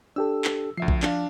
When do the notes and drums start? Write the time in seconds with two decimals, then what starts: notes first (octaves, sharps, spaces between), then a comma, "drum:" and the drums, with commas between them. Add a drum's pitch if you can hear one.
0.16 D4 G4 A4 E6
0.45 drum: clap
0.77 D2 F3 E5 C7
0.88 drum: kick
1.03 D4 F5, drum: clap